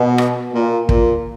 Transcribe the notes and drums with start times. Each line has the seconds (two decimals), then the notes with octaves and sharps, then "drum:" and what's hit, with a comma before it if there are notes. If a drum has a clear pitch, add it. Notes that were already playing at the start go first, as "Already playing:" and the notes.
Already playing: B2
0.18 drum: rim click
0.54 A#2
0.89 A#2, drum: kick